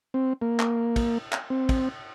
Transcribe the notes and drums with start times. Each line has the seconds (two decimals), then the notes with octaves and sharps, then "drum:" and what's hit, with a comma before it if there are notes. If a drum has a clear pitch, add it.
0.14 C4
0.42 A#3
0.60 drum: clap
0.96 drum: kick, cymbal
1.32 drum: clap
1.50 C4
1.69 drum: kick, cymbal